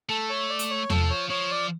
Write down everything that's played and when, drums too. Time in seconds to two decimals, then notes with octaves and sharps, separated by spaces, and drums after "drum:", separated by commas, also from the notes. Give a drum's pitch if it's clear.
0.09 A3 A4
0.30 C#5
0.50 D5
0.59 drum: hi-hat
0.71 C#5
0.90 F3 A4, drum: tom E2
1.10 C#5
1.30 F3 C#5
1.51 D5